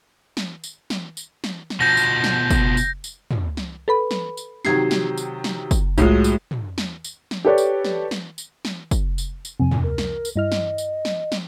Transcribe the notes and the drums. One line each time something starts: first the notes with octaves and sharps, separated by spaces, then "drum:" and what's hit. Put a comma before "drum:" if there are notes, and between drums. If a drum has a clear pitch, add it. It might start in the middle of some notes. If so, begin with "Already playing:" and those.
drum: snare
drum: tambourine
drum: snare
drum: tambourine
drum: snare
drum: snare
B2 F3 G6 A#6
drum: tambourine
drum: snare
drum: kick, tambourine
drum: tambourine
drum: tambourine
drum: tom
drum: snare
A4 B4 B5
drum: snare
drum: tambourine
C3 D#3 F#3 G#6 C7, drum: snare
drum: snare
drum: tambourine
drum: snare
drum: kick, tambourine
C2 A2 F#3 G#3 F4, drum: tambourine
drum: tambourine
drum: tom
drum: snare
drum: tambourine
drum: snare
G4 A4 B4 C#5 D5
drum: tambourine
drum: snare
drum: snare
drum: tambourine
drum: snare
drum: kick, tambourine
drum: tambourine
drum: tambourine
F2 C3 G#5
drum: tom
A#4
drum: snare
drum: tambourine
G2 E4 D#5 F6
drum: snare
drum: tambourine
drum: snare
drum: snare